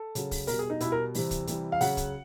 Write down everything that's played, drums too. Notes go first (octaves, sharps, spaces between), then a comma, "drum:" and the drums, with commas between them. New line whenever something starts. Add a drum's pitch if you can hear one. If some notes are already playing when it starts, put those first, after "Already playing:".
Already playing: A4
C#3 F#3, drum: hi-hat
drum: kick, open hi-hat
B2 G3 A#4, drum: open hi-hat
G#4
D#4
B2 G3 E4, drum: hi-hat
A#4
C3 E3 G3, drum: open hi-hat
drum: kick, hi-hat
C3 E3 G3, drum: hi-hat
F5
C#3 F#3 F#5, drum: open hi-hat
drum: kick, hi-hat